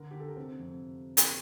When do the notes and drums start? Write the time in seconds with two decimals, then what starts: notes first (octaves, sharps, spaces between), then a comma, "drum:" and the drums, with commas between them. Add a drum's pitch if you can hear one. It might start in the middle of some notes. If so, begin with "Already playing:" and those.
Already playing: D3 A#4
0.11 D3 G4
0.20 A4
0.28 A#4
0.36 C3 C5
0.59 F2
1.17 drum: hi-hat